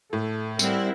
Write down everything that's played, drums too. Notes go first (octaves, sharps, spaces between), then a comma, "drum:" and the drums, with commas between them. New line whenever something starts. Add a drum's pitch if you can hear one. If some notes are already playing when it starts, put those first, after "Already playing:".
A2 A4
G3 C4 E4 A#4 F#5, drum: tambourine